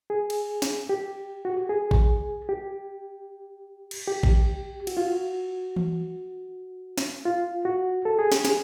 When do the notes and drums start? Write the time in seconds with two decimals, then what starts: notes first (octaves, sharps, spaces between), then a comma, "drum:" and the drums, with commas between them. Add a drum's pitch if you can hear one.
0.10 G#4
0.30 drum: cymbal
0.62 drum: snare
0.89 G4
1.45 F#4
1.57 G4
1.69 G#4
1.91 drum: kick A1
2.49 G4
3.91 drum: cymbal
4.08 G4
4.23 drum: kick A1
4.87 F#4, drum: cymbal
4.97 F4
5.07 F#4
5.76 drum: tom E3
6.98 drum: snare
7.25 F4
7.65 F#4
8.05 A4
8.19 G#4
8.32 G4, drum: snare
8.45 G#4, drum: snare